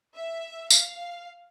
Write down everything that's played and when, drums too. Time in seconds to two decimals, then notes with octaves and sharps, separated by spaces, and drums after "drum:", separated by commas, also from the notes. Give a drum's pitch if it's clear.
0.16 E5
0.70 F5, drum: tambourine